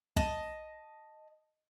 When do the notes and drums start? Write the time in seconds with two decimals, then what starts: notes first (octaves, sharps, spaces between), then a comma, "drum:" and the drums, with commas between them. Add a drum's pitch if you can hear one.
0.16 D#5 A5, drum: kick